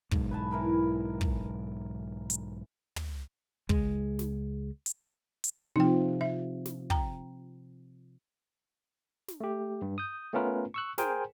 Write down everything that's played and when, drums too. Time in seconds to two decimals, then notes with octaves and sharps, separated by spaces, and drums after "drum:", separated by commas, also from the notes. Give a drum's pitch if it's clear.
0.11 B1 G#2, drum: kick
0.31 B4 G#5 A5
0.51 E3 A#4 B5
1.21 drum: kick
2.30 drum: hi-hat
2.96 drum: tom
3.69 C#2 G#3, drum: kick
4.19 drum: snare
4.86 drum: hi-hat
5.44 drum: hi-hat
5.76 C3 F3 D#4 G5
6.21 E5
6.66 drum: snare
6.90 G5 A#5, drum: kick
9.28 drum: snare
9.40 A3 G4
9.82 G2
9.98 D#6 G6
10.33 A3 B3 C#4 F4 A#4 B4
10.74 C#6 E6 F#6
10.98 G#4 A#4 C5 G5 G#5, drum: snare